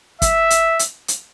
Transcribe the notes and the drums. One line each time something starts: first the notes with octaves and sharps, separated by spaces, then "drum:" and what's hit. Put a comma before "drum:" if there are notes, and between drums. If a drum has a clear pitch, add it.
E5, drum: kick F#1, hi-hat
drum: hi-hat
drum: hi-hat
drum: hi-hat